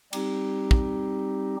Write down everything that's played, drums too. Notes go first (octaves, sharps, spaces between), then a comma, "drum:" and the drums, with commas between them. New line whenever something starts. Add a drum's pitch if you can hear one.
G3 C4 D#4 G4, drum: cymbal
drum: kick